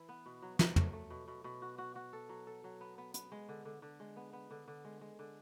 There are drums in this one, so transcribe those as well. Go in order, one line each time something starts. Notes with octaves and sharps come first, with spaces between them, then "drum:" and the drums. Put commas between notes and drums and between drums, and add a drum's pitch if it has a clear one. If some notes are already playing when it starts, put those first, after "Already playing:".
Already playing: E3 E4
B3
B2
F#3
F#3, drum: snare
A3, drum: tom
A3
B2
B2
B2
F#4
F#4
F#4
A4
F#3
A4
F#3
B3
B3
B3, drum: hi-hat
G#3
D3
D3
D3
G#3
B3
B3
D3
D3
G#3
G#3
D3